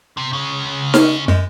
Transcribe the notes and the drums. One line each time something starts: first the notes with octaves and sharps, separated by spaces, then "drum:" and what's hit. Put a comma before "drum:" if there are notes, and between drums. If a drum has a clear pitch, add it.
C3
C#3 G#3
F6, drum: snare D#4
F#2 G#3